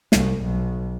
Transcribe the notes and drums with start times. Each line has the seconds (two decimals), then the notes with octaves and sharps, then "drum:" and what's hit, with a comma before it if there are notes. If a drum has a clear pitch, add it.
0.12 C2, drum: snare
0.43 B1